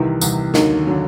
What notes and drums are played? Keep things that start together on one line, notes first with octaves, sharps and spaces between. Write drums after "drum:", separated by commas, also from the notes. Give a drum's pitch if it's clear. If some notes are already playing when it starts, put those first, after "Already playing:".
Already playing: C2 C3 D#3 E3
C2 C3 D#3, drum: tambourine
D#2 D3 D#3 F#3, drum: snare
D3 F#3